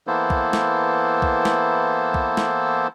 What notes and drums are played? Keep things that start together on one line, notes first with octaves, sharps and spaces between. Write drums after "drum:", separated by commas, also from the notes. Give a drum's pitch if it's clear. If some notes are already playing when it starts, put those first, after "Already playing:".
E3 A#3 B3 E4 A4 C5
drum: kick B1
drum: snare
drum: kick B1
drum: snare
drum: kick B1
drum: snare